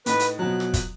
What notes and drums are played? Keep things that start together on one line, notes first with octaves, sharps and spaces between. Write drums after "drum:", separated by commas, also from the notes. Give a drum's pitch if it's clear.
A2 D#4 B4, drum: hi-hat
drum: hi-hat
B2 F3 F#3 F#6
drum: rim click
drum: kick, hi-hat